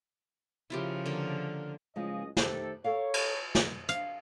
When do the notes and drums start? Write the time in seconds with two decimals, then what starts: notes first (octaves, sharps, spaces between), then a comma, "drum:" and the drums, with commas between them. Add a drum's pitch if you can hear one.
0.70 C#3 F3 E4 F4 G4 A#4
1.06 D3 A#3
1.96 F#1 C#2 C#3 F3 G#3 D#5
2.37 D#3 A3 G4 A4 C5 A5, drum: snare
2.84 A4 A#4 C#5 F5
3.14 drum: cymbal
3.55 drum: snare
3.89 F5, drum: hi-hat